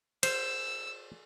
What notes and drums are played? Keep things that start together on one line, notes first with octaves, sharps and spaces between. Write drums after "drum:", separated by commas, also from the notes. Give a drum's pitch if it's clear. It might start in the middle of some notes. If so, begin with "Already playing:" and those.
C5 E6, drum: cymbal